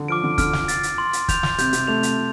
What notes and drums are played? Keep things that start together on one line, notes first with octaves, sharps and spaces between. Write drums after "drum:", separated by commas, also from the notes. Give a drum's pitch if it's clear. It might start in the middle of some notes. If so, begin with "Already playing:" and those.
Already playing: D3
F3 D6 F6 D7
D3
D3 F6, drum: kick, hi-hat
drum: snare
A6 C7, drum: hi-hat
drum: hi-hat
C6
drum: hi-hat
G6 F7, drum: kick, hi-hat
drum: snare
C3 G6, drum: hi-hat
C3, drum: hi-hat
A3 F7
drum: hi-hat